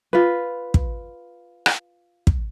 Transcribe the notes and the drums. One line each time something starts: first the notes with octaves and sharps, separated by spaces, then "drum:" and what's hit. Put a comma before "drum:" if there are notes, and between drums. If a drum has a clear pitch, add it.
F4 B4
drum: kick
drum: rim click
drum: kick